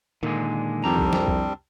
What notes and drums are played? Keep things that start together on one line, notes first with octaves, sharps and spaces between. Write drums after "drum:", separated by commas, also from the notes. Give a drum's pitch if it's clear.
A#2 D3 D#3 G#3
C2 F2 G3 C4 D4 G4 A#5
drum: kick B1
drum: snare
drum: kick B1